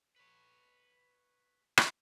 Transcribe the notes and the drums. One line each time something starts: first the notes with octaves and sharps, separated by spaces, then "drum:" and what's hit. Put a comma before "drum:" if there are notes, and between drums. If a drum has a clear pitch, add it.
B4 C#5
drum: rim click